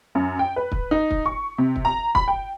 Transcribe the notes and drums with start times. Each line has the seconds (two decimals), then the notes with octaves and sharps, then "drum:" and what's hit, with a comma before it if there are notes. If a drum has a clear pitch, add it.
0.15 F#2
0.39 G5
0.56 B4
0.72 drum: kick
0.91 D#4
1.11 drum: kick
1.26 C#6
1.58 C3
1.76 drum: kick
1.85 A#5
2.15 B5, drum: kick
2.28 G5